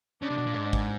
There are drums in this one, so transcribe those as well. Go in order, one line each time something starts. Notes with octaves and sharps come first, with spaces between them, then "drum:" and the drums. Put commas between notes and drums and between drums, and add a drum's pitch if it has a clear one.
C#3 D4
C3
B2
A#2
G#2
drum: kick G#1